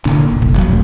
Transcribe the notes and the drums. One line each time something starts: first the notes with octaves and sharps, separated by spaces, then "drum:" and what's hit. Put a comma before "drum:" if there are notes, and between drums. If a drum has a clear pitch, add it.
A#2 D3, drum: clap
F#1 C2
drum: kick
D#1 F#3, drum: clap
F2 B2 G#3 A3